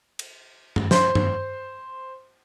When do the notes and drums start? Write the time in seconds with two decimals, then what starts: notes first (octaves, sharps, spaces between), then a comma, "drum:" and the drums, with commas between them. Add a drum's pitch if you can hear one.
0.19 drum: cymbal
0.76 drum: tom G2
0.91 C5 C6, drum: snare
1.15 drum: tom G2